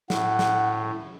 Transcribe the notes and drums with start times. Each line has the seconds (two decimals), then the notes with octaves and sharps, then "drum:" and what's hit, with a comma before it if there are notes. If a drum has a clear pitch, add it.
0.10 A2 F#5, drum: snare
0.39 drum: snare